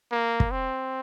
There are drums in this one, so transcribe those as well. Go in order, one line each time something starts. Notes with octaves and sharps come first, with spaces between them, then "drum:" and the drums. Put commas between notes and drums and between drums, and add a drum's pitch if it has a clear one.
A#3
drum: kick
C4